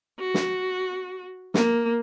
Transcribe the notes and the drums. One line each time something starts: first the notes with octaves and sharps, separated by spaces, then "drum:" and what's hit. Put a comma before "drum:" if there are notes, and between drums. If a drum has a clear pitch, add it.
F#4
drum: snare
A#3, drum: snare